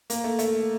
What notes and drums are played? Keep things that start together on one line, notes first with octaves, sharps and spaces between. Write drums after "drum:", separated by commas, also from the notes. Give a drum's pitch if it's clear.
A#3, drum: hi-hat
A3
A3, drum: hi-hat